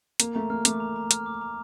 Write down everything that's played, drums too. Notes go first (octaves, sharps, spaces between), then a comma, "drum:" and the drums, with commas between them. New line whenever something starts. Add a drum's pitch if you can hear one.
A#3 A#5, drum: hi-hat
A3 A#5
A#3 F6
A3 D6, drum: hi-hat
A#5
A#5
F6, drum: hi-hat
D6
A#5